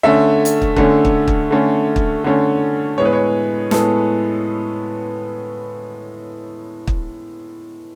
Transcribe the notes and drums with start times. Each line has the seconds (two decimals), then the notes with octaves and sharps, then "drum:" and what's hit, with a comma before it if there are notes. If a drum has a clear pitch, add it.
0.03 D3 A3 C#4 E5
0.45 drum: hi-hat
0.62 drum: kick
0.76 D3 A3 C#4, drum: kick
1.05 drum: kick
1.28 drum: kick
1.51 D3 A3 C#4
1.96 drum: kick
2.24 D3 A3 C#4
2.98 A2 G#3 B3 C#5
3.05 B4
3.13 C#5
3.71 A2 G#3 B3 A4, drum: snare
6.87 drum: kick